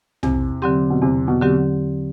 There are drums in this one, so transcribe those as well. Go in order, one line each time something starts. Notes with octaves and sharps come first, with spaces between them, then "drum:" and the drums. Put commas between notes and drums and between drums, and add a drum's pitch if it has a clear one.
E2 C3, drum: tom
D3 F#3 C4 G4
B2
E2 C3
B2
D3 F#3 C4 G4